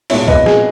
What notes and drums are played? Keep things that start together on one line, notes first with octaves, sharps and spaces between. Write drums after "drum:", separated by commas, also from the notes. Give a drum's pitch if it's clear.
B1 A#2 G#3 B3 C#5 E5, drum: open hi-hat
B4 D#5, drum: kick
G#4, drum: snare